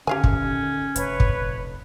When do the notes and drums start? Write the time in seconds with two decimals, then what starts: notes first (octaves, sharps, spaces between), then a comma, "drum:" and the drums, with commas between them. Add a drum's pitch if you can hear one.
0.07 D3 D#3 C#4 G4 F5 G#5
0.24 drum: kick
0.96 F1 B4 C#5, drum: hi-hat
1.20 drum: kick